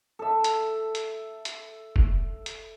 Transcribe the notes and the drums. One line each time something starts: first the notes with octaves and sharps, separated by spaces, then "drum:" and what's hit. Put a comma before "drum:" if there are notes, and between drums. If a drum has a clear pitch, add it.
A4 E5
drum: hi-hat
drum: hi-hat
drum: hi-hat
drum: kick F1
drum: hi-hat